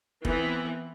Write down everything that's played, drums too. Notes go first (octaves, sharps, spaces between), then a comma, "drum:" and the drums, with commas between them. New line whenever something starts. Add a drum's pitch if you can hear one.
E3 B3 C4 E4, drum: kick F1